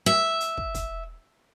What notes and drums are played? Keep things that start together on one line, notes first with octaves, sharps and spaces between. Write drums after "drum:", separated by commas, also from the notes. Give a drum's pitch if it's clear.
E5
drum: hi-hat
drum: kick
drum: kick, hi-hat